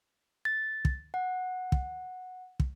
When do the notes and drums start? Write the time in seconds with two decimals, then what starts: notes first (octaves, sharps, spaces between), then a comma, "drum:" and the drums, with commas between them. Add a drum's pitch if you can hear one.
0.45 A6
0.85 drum: kick
1.14 F#5
1.72 drum: kick
2.60 drum: kick